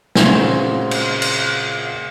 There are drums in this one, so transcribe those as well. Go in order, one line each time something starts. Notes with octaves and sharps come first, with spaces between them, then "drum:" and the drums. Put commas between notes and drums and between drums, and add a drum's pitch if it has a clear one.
A#2 C#3 G#3 C4 F#4, drum: snare
drum: cymbal
drum: cymbal